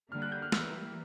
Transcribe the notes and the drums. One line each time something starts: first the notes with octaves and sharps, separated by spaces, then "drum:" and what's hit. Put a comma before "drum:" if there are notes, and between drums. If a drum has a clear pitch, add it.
D3 G3 A#3 F6
F#6
G6
F6
E3 G3 A#3 E6, drum: snare